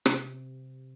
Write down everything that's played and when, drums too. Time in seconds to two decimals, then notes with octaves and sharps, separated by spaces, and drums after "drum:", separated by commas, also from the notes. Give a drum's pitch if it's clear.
0.06 C3, drum: rim click